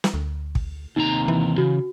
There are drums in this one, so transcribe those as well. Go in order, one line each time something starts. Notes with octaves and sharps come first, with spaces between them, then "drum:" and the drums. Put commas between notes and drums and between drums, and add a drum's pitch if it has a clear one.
drum: snare
D2
drum: kick
D#2 C3 D#4 A#5
E3
C#3 F#4